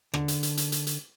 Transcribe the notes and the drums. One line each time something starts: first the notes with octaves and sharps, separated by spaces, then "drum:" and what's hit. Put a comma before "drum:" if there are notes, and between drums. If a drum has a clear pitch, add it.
D3, drum: rim click
drum: hi-hat
drum: hi-hat
drum: hi-hat
drum: hi-hat
drum: hi-hat